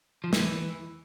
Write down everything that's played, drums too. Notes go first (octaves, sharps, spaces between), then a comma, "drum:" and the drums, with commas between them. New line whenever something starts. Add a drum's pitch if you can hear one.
F3
E3, drum: snare